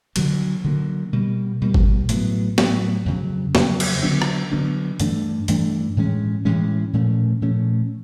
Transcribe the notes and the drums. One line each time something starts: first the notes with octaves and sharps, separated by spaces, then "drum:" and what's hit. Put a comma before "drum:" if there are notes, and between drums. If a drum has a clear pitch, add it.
D3 F#3 A#3, drum: cymbal
D3 F#3 A#3
B2 G3 A#3
B2 G3 A#3
drum: kick G#1
A2 F#3 B3, drum: hi-hat
A2 F#3 B3, drum: snare
F2 C#3 F#3
F2 C#3 F#3, drum: snare
drum: cymbal
D3 F#3 B3 D4
drum: rim click
D3 F#3 B3 D4
G2 E3 A3 D4, drum: hi-hat
G2 E3 A3 D4, drum: hi-hat
A2 E3 G#3 C#4
A2 E3 G#3 C#4
A#2 F3 A3 C#4
A#2 F3 A3 C#4